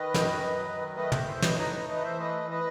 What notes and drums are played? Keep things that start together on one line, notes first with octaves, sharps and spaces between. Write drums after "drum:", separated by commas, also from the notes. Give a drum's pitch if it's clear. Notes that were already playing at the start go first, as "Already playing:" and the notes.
Already playing: D#3 B4 D#5
F#2, drum: snare
F#2
F#3
D#3
A3 B4 D#5
C5 E5, drum: tom
E3
C5 E5
A2
B4 D#5, drum: snare
D#4 B4 D#5
A3 B4 D#5
B4 D#5
E3 C5 E5
A3 B4 D#5
E3
B4 D#5